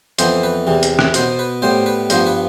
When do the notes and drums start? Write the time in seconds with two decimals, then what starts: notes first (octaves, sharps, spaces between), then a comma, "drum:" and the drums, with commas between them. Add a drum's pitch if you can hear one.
0.19 F2 E3 B3 C5, drum: hi-hat
0.43 B4
0.67 E2 C3 E3
0.83 drum: hi-hat
0.99 drum: rim click
1.14 B2 B3 C5, drum: hi-hat
1.39 B4
1.62 A2 G3 B3 C5
1.86 B4
2.10 G2 F3 B3 C5, drum: hi-hat
2.27 B4